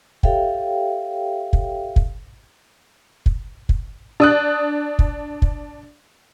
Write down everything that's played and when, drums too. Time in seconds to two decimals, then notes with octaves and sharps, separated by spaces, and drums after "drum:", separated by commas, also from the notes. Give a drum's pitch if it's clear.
0.23 G4 A4 C#5 E5 F5 G5, drum: kick
1.53 drum: kick
1.96 drum: kick
3.26 drum: kick
3.69 drum: kick
4.20 D4 D#6 F#6
4.99 drum: kick
5.42 drum: kick